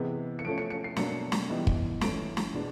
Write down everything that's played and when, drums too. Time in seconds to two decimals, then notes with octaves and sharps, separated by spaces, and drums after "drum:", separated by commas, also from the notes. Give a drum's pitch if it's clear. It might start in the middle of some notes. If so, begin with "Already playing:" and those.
Already playing: C3 E3 G#3 B3
0.39 C#7
0.45 F3 A3 C#4 D7
0.58 C#7
0.70 C#7
0.84 C7
0.96 B2 F#3 A#3 D4 C#7, drum: snare
1.32 drum: snare
1.50 E3 G3 B3 D#4
1.67 drum: kick
2.01 E3 A3 C#4 D7, drum: snare
2.37 drum: snare
2.54 B2 G#3 B3 D4